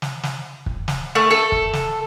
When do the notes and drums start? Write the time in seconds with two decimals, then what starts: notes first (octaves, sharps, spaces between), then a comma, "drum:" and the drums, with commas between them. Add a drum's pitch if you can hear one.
0.02 drum: snare
0.23 drum: snare
0.66 drum: kick
0.88 drum: snare
1.15 A3
1.31 A4
1.52 drum: kick
1.73 drum: snare